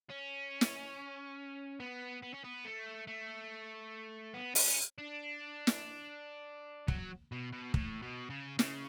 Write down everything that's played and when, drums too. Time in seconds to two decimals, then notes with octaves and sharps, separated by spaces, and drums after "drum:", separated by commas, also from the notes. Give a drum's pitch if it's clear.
0.10 C#4
0.61 drum: snare
1.80 B3
2.22 B3
2.33 C#4
2.44 B3
2.65 A3
3.07 A3
4.34 B3
4.55 C#4, drum: open hi-hat
4.98 D4
5.67 drum: snare
6.88 F#3, drum: kick
7.32 B2
7.52 B2
7.74 A2, drum: kick
8.02 B2
8.30 C#3
8.59 C#3, drum: snare